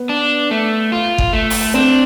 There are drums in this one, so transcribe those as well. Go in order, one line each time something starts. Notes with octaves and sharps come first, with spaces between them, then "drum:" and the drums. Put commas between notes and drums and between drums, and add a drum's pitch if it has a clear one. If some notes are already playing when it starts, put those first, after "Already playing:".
Already playing: B3
D4
A3
F4
drum: kick G1
A3
drum: open hi-hat
C4 D4